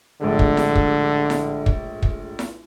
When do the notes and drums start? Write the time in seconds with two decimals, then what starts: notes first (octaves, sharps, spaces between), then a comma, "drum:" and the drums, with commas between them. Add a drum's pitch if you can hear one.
0.21 A#1 A2 D3 G#3
0.39 drum: kick
0.57 drum: snare E4
0.75 drum: kick
1.30 drum: snare E4
1.66 drum: kick
2.02 drum: kick
2.39 drum: snare E4